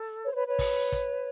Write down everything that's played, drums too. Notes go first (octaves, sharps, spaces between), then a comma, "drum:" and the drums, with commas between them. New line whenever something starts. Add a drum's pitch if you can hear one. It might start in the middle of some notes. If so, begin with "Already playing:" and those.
Already playing: A4
B4 C#5
C5
B4 C#5
B4 C#5
drum: kick, open hi-hat
drum: kick, hi-hat